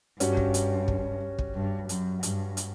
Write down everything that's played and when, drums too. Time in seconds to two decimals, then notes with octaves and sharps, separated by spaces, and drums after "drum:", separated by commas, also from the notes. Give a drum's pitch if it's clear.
0.20 G2 G3 C#4 F#4, drum: hi-hat
0.37 drum: kick
0.54 drum: hi-hat
0.88 drum: kick
1.39 drum: kick
1.55 G2
1.89 F#2, drum: hi-hat
2.23 G2, drum: hi-hat
2.57 drum: hi-hat